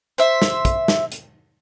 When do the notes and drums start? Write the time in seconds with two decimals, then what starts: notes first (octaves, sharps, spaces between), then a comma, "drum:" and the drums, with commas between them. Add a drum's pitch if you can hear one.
0.18 C5 E5, drum: hi-hat
0.42 drum: snare
0.65 drum: kick, hi-hat
0.88 drum: snare
1.12 drum: hi-hat